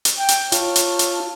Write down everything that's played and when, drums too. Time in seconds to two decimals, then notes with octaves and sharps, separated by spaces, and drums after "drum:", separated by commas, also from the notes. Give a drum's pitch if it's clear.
0.05 drum: hi-hat
0.18 G5
0.28 drum: hi-hat
0.52 F4 C#5 A5, drum: hi-hat
0.76 drum: hi-hat
0.99 drum: hi-hat